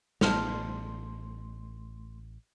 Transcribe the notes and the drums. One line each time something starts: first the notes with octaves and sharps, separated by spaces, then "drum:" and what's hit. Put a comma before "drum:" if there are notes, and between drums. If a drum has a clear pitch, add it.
A1 A3 B3 A5 C6 F6 F7, drum: snare